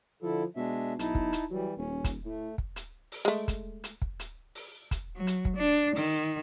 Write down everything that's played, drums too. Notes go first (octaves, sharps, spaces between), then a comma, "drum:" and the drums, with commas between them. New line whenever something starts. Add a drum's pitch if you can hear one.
D3 F3 E4 A4
B2 G#3 D4 E5
B1 D#4 E4 A5, drum: hi-hat
drum: kick
drum: hi-hat
E3 F#3 G3
D#1 C#4
drum: kick, hi-hat
A2 A3
drum: kick
drum: hi-hat
drum: open hi-hat
G#3 A3
drum: kick, hi-hat
drum: hi-hat
drum: kick
drum: hi-hat
drum: open hi-hat
drum: kick, hi-hat
F#3
drum: hi-hat
drum: kick
D4
D#3, drum: open hi-hat